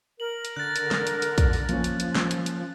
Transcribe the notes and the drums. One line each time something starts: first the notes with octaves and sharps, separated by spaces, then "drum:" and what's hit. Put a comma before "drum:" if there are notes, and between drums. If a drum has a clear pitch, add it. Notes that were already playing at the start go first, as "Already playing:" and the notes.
A#4 F#7
drum: hi-hat
D3 F#6 A6
drum: hi-hat
drum: snare
drum: hi-hat
drum: hi-hat
drum: kick, hi-hat
drum: open hi-hat
F3 A#3 C#4, drum: hi-hat
drum: hi-hat
drum: hi-hat
drum: snare
drum: hi-hat
drum: hi-hat